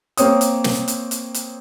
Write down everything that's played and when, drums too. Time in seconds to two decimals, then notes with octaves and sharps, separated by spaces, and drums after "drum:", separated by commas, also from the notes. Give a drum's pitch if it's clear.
0.17 A#3 C4 C#5 D#6, drum: hi-hat
0.41 drum: hi-hat
0.64 drum: snare
0.88 drum: hi-hat
1.11 drum: hi-hat
1.34 drum: hi-hat